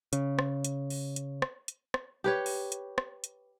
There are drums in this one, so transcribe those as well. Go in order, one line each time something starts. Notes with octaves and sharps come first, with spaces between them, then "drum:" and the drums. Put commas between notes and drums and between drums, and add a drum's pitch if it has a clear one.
C#3, drum: hi-hat
drum: rim click
drum: hi-hat
drum: open hi-hat
drum: hi-hat
drum: rim click
drum: hi-hat
drum: rim click
G4 B4 C#5
drum: open hi-hat
drum: hi-hat
drum: rim click
drum: hi-hat